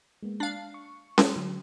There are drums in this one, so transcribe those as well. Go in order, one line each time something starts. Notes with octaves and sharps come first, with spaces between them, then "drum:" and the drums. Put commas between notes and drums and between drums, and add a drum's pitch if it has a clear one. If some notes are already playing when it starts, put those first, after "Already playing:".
G#3 A#3 B3
D4 F5
C#6
drum: snare C#4
D3 F#3